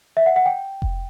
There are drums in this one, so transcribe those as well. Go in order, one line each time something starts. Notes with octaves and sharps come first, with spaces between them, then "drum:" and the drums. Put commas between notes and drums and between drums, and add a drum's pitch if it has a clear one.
E5
F#5
F#5
G5
drum: kick F1